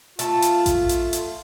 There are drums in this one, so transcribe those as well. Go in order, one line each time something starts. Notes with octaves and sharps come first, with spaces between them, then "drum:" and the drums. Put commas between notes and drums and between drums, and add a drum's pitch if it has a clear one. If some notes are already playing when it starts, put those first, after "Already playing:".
A3 F4 A5, drum: hi-hat
drum: hi-hat
drum: kick A1, hi-hat
drum: hi-hat
drum: hi-hat